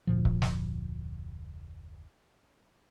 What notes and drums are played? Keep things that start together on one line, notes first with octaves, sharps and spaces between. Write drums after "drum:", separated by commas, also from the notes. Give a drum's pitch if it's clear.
F1 D2 A#2 F3
drum: kick C#1
drum: snare